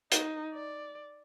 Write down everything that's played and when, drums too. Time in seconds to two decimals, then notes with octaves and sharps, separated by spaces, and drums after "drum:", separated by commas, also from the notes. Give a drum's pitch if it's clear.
0.12 D#4, drum: hi-hat
0.54 D5